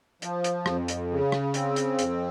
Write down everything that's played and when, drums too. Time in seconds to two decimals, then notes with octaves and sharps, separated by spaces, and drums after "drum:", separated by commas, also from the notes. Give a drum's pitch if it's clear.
0.22 F3, drum: hi-hat
0.44 drum: hi-hat
0.66 F2, drum: rim click
0.88 drum: hi-hat
1.11 C#3
1.32 drum: rim click
1.54 C4, drum: hi-hat
1.76 drum: hi-hat
1.99 F2, drum: hi-hat